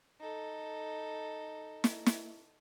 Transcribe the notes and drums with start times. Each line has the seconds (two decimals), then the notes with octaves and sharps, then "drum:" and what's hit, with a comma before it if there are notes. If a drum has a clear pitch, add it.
0.20 D#4 A4
1.84 drum: snare
2.06 drum: snare